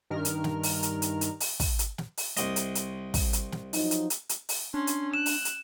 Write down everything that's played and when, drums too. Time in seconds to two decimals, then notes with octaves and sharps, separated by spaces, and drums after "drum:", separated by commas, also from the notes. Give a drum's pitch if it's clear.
0.10 G2 D#3 A#4 F6
0.25 drum: hi-hat
0.44 drum: snare
0.63 drum: open hi-hat
0.83 drum: hi-hat
1.02 drum: hi-hat
1.21 drum: hi-hat
1.40 drum: open hi-hat
1.60 drum: kick, open hi-hat
1.79 drum: hi-hat
1.98 drum: snare
2.17 drum: open hi-hat
2.37 C2 D#5, drum: hi-hat
2.56 drum: hi-hat
2.75 drum: hi-hat
3.14 drum: kick, open hi-hat
3.33 drum: hi-hat
3.52 drum: snare
3.73 F3 F#3 D#4, drum: open hi-hat
3.91 drum: hi-hat
4.10 drum: hi-hat
4.29 drum: hi-hat
4.49 drum: open hi-hat
4.74 C#4 D4 C6
4.87 drum: hi-hat
5.14 F#6 E7
5.26 drum: open hi-hat
5.45 drum: hi-hat